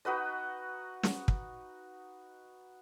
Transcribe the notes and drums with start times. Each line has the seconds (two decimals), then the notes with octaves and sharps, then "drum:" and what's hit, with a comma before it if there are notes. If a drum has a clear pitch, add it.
0.05 D#4 F#4 B4 D#5
1.03 drum: snare
1.28 drum: kick